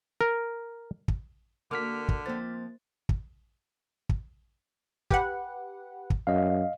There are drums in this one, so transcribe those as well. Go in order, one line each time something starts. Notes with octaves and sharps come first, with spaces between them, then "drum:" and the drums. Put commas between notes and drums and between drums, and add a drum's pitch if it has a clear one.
A#4
drum: kick
D3 A#3 F#4 D6 F6 B6
drum: kick
F3 A#3 C4 C5 A6
drum: kick
drum: kick
G4 B4 F#5, drum: kick
drum: kick
F#2 D#5 F5